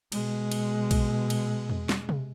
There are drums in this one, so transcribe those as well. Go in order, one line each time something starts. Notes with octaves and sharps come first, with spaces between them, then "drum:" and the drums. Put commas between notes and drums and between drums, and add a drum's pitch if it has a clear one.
B2 G#3, drum: cymbal
drum: cymbal
drum: kick A#1, cymbal
drum: cymbal
drum: tom E2
drum: snare
drum: tom C3